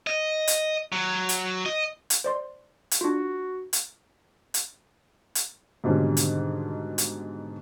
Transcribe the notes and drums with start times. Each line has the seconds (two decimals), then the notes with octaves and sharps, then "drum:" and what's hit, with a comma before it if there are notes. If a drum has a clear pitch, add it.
0.07 D#5
0.47 drum: hi-hat
0.92 F#3
1.29 drum: hi-hat
1.66 D#5
2.10 drum: hi-hat
2.24 C5 D5 C6
2.91 drum: hi-hat
3.01 D4 F4 F#4
3.73 drum: hi-hat
4.54 drum: hi-hat
5.35 drum: hi-hat
5.84 G#2 B2 D3 D#3 G3 C#4
6.17 drum: hi-hat
6.98 drum: hi-hat